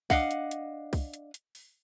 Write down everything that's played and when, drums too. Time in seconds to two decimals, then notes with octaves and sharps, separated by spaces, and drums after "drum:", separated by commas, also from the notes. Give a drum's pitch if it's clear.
0.10 D4 D#5 F5 F#5, drum: kick C2, open hi-hat
0.31 drum: hi-hat
0.51 drum: hi-hat
0.93 drum: kick C2, open hi-hat
1.13 drum: hi-hat
1.34 drum: hi-hat
1.55 drum: open hi-hat